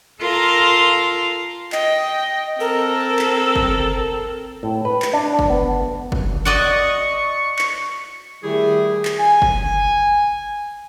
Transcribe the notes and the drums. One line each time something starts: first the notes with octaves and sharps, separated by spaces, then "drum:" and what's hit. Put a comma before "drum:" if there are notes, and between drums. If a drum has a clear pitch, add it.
F4 A4 A#4 A#5 C6
D#5 G5, drum: clap
C4 A4 A#4
drum: clap
drum: kick
A2
B4
drum: clap
D4
drum: kick
B3
drum: kick
F#4 D5 D#5 C#6
drum: clap
D#3 G3 A3 E4 G4 G#4
drum: clap
G#5
drum: kick